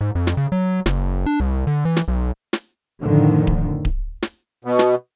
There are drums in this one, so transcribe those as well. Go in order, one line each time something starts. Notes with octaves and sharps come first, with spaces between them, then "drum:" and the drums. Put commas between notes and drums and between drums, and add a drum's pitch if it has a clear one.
G#2
F2
drum: snare
C#3
F#3
F#1, drum: snare
D4
C2
D3
E3
drum: snare
B1
drum: snare
F2 A2 D3 D#3 F3
drum: kick D1
drum: kick D1
drum: snare
B2
drum: snare